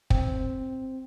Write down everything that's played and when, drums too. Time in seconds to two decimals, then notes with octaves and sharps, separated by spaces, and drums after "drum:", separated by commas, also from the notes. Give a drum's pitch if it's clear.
0.10 C4, drum: kick